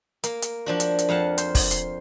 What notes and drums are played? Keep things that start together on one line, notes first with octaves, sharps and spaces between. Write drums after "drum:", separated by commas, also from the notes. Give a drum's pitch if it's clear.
A#3, drum: hi-hat
drum: hi-hat
F3 D4 F#4
drum: hi-hat
drum: hi-hat
F2 F5 F#5 A5
C5, drum: hi-hat
drum: kick, open hi-hat
C6, drum: hi-hat